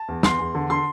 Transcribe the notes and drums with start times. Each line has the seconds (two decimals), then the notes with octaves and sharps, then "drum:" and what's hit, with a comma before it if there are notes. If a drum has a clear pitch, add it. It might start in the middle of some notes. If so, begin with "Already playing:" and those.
Already playing: A5
0.08 E2
0.23 E2 C6, drum: snare
0.39 E2
0.55 D3
0.70 D3 C6